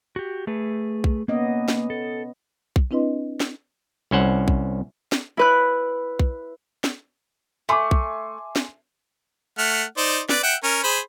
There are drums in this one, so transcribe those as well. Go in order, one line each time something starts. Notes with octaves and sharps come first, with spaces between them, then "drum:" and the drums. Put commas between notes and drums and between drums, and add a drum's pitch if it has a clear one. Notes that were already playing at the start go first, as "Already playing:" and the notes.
F#4 G4
A3 G#4 B4
drum: kick B1
A#3 B3 C#4 D#5
drum: snare
A4
drum: kick B1
C4 D4 E4 B4 D#5 C6
drum: snare
C2 C#4 C5 F#5
drum: kick B1
drum: snare
E4 B4 F#6
drum: kick B1
drum: snare
A3 E5 G#5 C6 D6
drum: kick B1
drum: snare
A3 F#5 F6
D#4 C5 D5
B4 D5, drum: snare
E5 F#5 G5
C#4 A#4
G#4 C5 B5